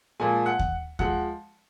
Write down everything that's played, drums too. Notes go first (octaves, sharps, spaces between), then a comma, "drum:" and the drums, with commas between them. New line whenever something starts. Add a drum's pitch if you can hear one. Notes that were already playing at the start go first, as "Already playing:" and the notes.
A#2 F3 G#3 G#5
F#5
drum: kick D#2
F3 G#3 F#5, drum: kick D#2